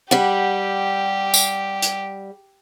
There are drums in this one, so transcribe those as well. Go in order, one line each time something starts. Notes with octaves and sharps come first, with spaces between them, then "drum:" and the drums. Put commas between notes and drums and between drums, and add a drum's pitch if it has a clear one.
G3 G4 F#5
drum: tambourine
drum: hi-hat